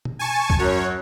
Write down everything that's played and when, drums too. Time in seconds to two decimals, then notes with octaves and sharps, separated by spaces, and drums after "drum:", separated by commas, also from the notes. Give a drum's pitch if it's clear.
0.05 drum: tom B2
0.19 G#5 A5 C#6
0.50 drum: kick
0.59 F#2 C#5